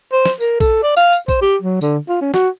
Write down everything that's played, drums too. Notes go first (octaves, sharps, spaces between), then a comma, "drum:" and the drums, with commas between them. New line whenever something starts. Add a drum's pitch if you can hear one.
C5
drum: snare
A#4, drum: tambourine
A4, drum: kick A#1, tambourine
D5
F5, drum: tambourine
drum: tambourine
C5, drum: kick A#1, tambourine
G4
F#3
D3, drum: tambourine
F4
C#4
F#4, drum: snare